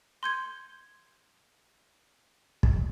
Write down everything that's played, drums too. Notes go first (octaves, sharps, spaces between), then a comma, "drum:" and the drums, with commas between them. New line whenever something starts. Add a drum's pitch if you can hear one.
C6 G6 G#6
drum: kick